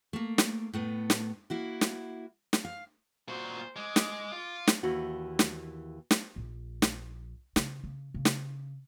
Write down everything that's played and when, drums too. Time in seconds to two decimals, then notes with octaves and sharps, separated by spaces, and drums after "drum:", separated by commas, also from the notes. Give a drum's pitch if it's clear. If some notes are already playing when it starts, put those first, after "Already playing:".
0.13 A3 A#3
0.38 drum: snare
0.73 A2 A3 B3
1.10 drum: snare
1.50 A#3 E4 F#4
1.81 drum: snare
2.53 drum: snare
2.65 F5
3.28 A#2 F#4 C5
3.76 G#3 D6
3.96 drum: snare
4.32 F4
4.67 drum: snare
4.83 D#2 E3 F#4
5.39 drum: snare
6.11 drum: snare
6.36 A#1
6.82 drum: snare
7.56 C#3, drum: snare
7.84 C#3
8.14 C#3
8.25 drum: snare